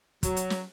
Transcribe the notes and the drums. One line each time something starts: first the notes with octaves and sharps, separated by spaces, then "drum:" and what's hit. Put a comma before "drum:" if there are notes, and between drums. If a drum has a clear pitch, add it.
F#3, drum: kick, hi-hat
drum: hi-hat
drum: snare